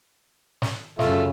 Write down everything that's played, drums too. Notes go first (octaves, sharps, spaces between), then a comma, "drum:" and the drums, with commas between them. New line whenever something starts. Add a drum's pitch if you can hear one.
drum: snare
F#2 C#3 A3 F4 E5, drum: snare